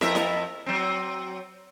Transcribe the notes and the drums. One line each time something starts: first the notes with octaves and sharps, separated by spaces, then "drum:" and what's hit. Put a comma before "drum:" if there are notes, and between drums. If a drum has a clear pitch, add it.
F2 A#4 E5, drum: snare
drum: snare
F#3 C4